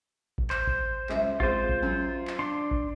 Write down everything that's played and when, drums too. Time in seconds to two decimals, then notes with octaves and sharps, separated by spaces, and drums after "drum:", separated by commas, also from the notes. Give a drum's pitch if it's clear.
0.38 drum: kick A1
0.50 C5, drum: clap
0.67 drum: kick A1
1.09 C#2 E5, drum: clap
1.40 G#3 C4 F4 C5, drum: kick A1
1.69 drum: kick A1
1.83 F#2
2.27 drum: clap
2.39 D4 C6
2.71 drum: kick A1